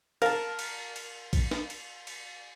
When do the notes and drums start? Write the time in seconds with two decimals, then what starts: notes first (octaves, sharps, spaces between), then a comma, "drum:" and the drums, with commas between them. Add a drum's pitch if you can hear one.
0.22 A#4 F5 A5, drum: cymbal
0.59 drum: cymbal
0.96 drum: cymbal
1.33 drum: kick, cymbal
1.51 drum: snare
1.70 drum: cymbal
2.07 drum: cymbal